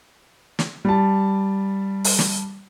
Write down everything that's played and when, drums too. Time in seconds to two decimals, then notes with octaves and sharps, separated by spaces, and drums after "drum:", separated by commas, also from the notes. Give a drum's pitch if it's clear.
0.59 drum: snare
0.85 G3 A5
2.04 drum: open hi-hat
2.19 drum: snare